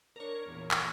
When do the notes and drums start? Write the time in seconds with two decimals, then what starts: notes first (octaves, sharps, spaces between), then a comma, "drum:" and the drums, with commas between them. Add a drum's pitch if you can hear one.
0.16 D4 A#4 C#5
0.48 E2 A#2
0.71 drum: clap